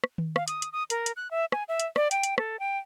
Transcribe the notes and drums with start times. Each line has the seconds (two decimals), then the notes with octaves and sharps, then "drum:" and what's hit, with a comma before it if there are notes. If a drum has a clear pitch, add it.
0.04 drum: rim click
0.18 drum: tom D#3
0.36 F5, drum: rim click
0.48 D#6, drum: hi-hat
0.62 drum: hi-hat
0.72 D#6
0.90 A#4, drum: hi-hat
1.06 drum: hi-hat
1.16 F#6
1.31 E5
1.52 G#5, drum: rim click
1.68 E5
1.79 drum: hi-hat
1.96 D5, drum: rim click
2.11 G5, drum: hi-hat
2.23 drum: hi-hat
2.38 A4, drum: rim click
2.59 G5